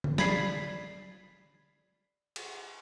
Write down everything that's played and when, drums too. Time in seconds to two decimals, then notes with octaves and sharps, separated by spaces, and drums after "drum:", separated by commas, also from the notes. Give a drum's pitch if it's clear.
0.04 drum: tom D3
0.18 D5 B5 G#6 B6 C7, drum: snare
2.36 drum: cymbal